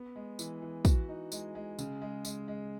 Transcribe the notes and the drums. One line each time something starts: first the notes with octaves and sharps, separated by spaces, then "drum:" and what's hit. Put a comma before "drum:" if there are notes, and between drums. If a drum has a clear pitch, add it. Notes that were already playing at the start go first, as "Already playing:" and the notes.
Already playing: B3
G#3
E3, drum: tambourine
E3
F#4, drum: kick, tambourine
D#4
G#3, drum: tambourine
G#3
C#3, drum: tambourine
G#3
G#3, drum: tambourine
G#3